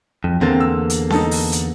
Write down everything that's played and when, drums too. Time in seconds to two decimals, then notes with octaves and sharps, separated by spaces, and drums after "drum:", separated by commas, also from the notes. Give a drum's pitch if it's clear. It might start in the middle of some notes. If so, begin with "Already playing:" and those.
0.24 F2
0.41 E2 D3 A#3 C4 A6
0.60 E6
0.90 drum: hi-hat
1.10 D#4 A4 A5, drum: snare C4
1.31 drum: open hi-hat
1.52 drum: hi-hat